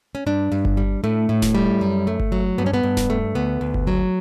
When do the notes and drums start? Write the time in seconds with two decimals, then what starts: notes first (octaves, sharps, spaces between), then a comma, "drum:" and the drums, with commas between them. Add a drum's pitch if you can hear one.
0.15 C#4
0.26 G2 D4
0.52 G2
0.65 drum: kick G1
0.77 G3
1.04 A2 A3
1.29 A2
1.42 drum: snare D#1
1.55 G3
1.81 F#2
2.07 A3
2.20 drum: kick G1
2.32 F#3
2.58 G2 B3
2.66 C#4
2.74 B3
2.83 G2
2.97 drum: snare D#1
3.10 A3
3.35 D2 B3
3.61 D2
3.74 drum: kick G1
3.87 F#3